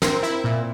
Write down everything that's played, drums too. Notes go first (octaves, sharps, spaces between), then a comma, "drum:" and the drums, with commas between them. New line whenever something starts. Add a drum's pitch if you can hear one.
C4 A#4, drum: snare
E4
A#2